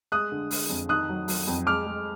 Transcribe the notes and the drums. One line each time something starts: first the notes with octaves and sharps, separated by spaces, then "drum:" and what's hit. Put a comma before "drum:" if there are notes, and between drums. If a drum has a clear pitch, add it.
G#3 D#6 F#6
D3
G#3, drum: open hi-hat
F2
D#3 D#6 F#6
F#3
F#3, drum: open hi-hat
F2
G#3 D6 F6
G#3